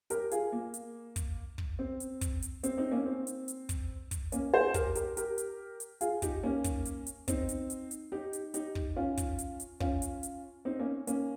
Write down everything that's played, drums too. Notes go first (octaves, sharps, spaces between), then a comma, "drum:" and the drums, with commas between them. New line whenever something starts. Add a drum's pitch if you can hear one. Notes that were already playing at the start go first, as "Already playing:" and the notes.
G4 A#4, drum: hi-hat
F4 G#4, drum: hi-hat
A#3
drum: hi-hat
drum: kick, hi-hat
drum: kick
C4
drum: hi-hat
drum: kick, hi-hat
drum: hi-hat
C4, drum: hi-hat
C4 D#4
A#3 C#4
C4
drum: hi-hat
drum: hi-hat
drum: kick, hi-hat
drum: kick, hi-hat
A#3 C#4, drum: hi-hat
G#4 C5
G4 A#4, drum: kick, hi-hat
G4 A#4, drum: hi-hat
G4 A#4, drum: hi-hat
drum: hi-hat
drum: hi-hat
F4 G#4, drum: hi-hat
D#4 G4, drum: kick, hi-hat
A#3 C#4
drum: kick, hi-hat
drum: hi-hat
drum: hi-hat
C4 D#4, drum: kick, hi-hat
drum: hi-hat
drum: hi-hat
drum: hi-hat
D#4 G4
drum: hi-hat
D#4 G4, drum: hi-hat
drum: kick
C#4 F4
drum: kick, hi-hat
drum: hi-hat
drum: hi-hat
C#4 F4, drum: kick
drum: hi-hat
drum: hi-hat
C4 D#4
A#3 C#4
A#3 C#4, drum: hi-hat